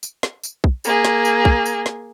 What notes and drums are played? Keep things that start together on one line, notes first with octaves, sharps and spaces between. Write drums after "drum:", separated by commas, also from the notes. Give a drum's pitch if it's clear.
drum: tambourine
drum: snare
drum: tambourine
drum: kick
A#3 G#4, drum: tambourine
drum: snare
drum: tambourine
drum: kick
drum: tambourine
drum: snare